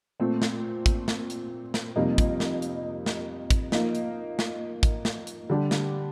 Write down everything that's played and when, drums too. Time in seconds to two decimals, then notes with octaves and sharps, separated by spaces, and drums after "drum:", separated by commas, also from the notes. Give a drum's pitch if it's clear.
0.20 A#2 A3 C4
0.42 drum: snare
0.86 drum: kick, hi-hat
1.08 drum: snare
1.30 drum: hi-hat
1.74 drum: snare
1.96 F2 C3 G3 A#3 D#4
2.18 drum: kick, hi-hat
2.40 drum: snare
2.62 drum: hi-hat
3.06 drum: snare
3.51 drum: kick, hi-hat
3.72 F3 A#3 D#4, drum: snare
3.95 drum: hi-hat
4.39 drum: snare
4.83 drum: kick, hi-hat
5.05 drum: snare
5.27 drum: hi-hat
5.50 D3 G3 D4 G4
5.71 drum: snare